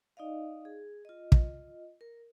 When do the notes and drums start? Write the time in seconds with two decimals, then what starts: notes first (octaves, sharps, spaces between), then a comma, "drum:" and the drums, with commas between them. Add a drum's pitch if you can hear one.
0.17 D#4 D5 D#5 F5
0.65 G#4
1.05 F4 D#5
1.32 drum: kick
2.01 A#4